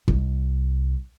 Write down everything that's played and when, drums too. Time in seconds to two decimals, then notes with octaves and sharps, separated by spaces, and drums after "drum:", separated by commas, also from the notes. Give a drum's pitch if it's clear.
0.08 C2, drum: kick